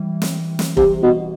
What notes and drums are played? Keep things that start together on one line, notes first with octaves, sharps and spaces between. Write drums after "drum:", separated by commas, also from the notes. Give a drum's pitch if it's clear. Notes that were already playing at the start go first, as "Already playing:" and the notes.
Already playing: E3 G3
drum: snare
drum: snare
C3, drum: kick F1
B2